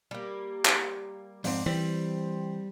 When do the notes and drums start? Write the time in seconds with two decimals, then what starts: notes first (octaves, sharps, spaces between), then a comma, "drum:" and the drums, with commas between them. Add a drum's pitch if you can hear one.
0.11 G3 A#3
0.65 drum: clap
1.44 F2 G#2 C4 D4, drum: open hi-hat
1.66 E3 G3 C4